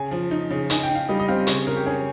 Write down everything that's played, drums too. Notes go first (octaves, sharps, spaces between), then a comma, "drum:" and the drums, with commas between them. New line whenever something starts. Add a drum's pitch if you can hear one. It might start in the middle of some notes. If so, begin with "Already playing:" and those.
Already playing: C#3 G#5
F3
D#4
C#3
D#4 G#5, drum: hi-hat
G5
D#4
F5
G3 D#5
D#5
C4 F5
C#3 C#5, drum: hi-hat
C#3 A#4
G4
C#4 G#4